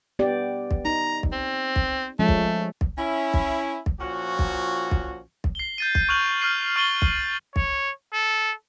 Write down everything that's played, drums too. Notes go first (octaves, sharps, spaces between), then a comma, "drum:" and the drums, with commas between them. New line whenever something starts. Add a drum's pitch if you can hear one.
B3 G4 D5
drum: kick
D#4 A#5
drum: kick
C4
drum: kick
F3 G#3 A3 C#4
drum: kick
drum: kick
C#4 E4
drum: kick
drum: kick
A#2 F3 C#4 F#4
drum: kick
drum: kick
drum: kick
C7 G7
G6 A6 D#7
G6, drum: kick
C#6 F6 F#6 F7 F#7
F6 G6 C7 G7
C#6 F6 A6 D#7 F#7 G7
drum: kick
C#5, drum: kick
A4